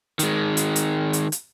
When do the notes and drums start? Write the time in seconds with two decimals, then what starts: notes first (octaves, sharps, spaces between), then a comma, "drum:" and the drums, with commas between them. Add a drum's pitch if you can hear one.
0.19 D#3 G#3, drum: hi-hat
0.57 drum: hi-hat
0.76 drum: hi-hat
1.13 drum: hi-hat
1.32 drum: hi-hat